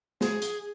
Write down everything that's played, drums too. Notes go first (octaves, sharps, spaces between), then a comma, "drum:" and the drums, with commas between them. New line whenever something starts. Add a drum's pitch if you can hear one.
G#4, drum: snare
drum: hi-hat